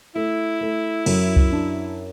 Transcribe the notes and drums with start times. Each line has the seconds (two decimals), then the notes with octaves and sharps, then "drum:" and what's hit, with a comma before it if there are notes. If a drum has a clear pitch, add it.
0.15 A3 E4
0.61 A3
1.06 F#2, drum: cymbal
1.36 drum: kick C2
1.52 D4